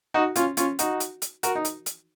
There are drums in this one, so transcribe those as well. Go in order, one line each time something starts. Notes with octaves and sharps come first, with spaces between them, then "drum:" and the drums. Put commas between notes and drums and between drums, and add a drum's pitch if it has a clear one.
D#4 F#4
C#4 F4, drum: hi-hat
C#4 F4, drum: hi-hat
D#4 F#4, drum: hi-hat
drum: hi-hat
drum: hi-hat
F#4 A#4, drum: hi-hat
D#4
drum: hi-hat
drum: hi-hat